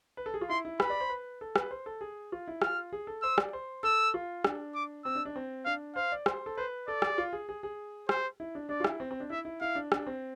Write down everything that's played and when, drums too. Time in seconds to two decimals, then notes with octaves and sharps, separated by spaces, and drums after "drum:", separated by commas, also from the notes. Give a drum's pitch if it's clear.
0.17 B4
0.26 A4
0.34 G#4
0.41 F4
0.49 E4 C6
0.65 E4
0.80 B4 B5, drum: rim click
0.90 D5
1.00 C5
1.10 B4
1.41 A4
1.56 B4, drum: rim click
1.71 C5
1.86 A4
2.01 G#4
2.32 F4
2.48 E4
2.62 F4 F6, drum: rim click
2.93 G#4
3.07 A4
3.22 C5 E6
3.38 D5, drum: rim click
3.53 C5
3.83 A4 E6
4.14 F4
4.44 D4, drum: rim click
4.75 D6
5.05 C4 E6
5.15 D4
5.25 D4
5.36 C4
5.65 D4 F5
5.96 C5 F5
6.12 D5
6.26 C5, drum: rim click
6.46 A4
6.57 B4 C5
6.88 A4 D5
7.02 G#4, drum: rim click
7.18 F4
7.33 G#4
7.49 G#4
7.63 G#4
8.09 C5, drum: rim click
8.40 E4
8.55 D4
8.69 D4 D5
8.80 F4
8.84 E4, drum: rim click
9.00 C4
9.11 C4
9.20 D4
9.30 E4 E5
9.45 E4
9.61 E4 F5
9.75 D4
9.92 D4, drum: rim click
10.07 C4